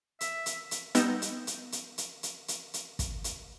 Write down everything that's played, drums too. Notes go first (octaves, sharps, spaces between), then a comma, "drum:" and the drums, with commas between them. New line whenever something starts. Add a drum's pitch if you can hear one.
E5, drum: hi-hat
drum: hi-hat
drum: hi-hat
G3 B3 D#4 E6 G6 A#6, drum: hi-hat
drum: hi-hat
drum: hi-hat
drum: hi-hat
drum: hi-hat
drum: hi-hat
drum: hi-hat
drum: hi-hat
drum: kick, hi-hat
drum: hi-hat